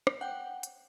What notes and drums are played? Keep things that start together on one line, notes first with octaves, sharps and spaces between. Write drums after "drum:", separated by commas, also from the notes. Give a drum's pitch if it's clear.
drum: rim click
F#5 G5
drum: hi-hat